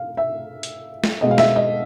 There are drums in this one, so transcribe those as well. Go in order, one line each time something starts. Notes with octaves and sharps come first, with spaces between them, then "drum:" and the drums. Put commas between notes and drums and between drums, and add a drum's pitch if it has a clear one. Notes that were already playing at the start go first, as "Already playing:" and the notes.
Already playing: F5
E5
drum: hi-hat
drum: snare
B2 G#3 B3 D#5
F5
E5, drum: snare
D#5